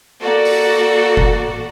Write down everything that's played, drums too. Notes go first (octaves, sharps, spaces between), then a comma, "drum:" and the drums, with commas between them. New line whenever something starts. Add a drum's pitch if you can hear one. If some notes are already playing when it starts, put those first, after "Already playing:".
A#3 F#4 A4 D5
drum: open hi-hat
drum: kick F1